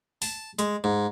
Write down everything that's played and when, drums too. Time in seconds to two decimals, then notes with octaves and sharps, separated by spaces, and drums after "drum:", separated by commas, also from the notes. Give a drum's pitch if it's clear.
0.22 A5, drum: open hi-hat
0.59 G#3, drum: hi-hat
0.84 G#2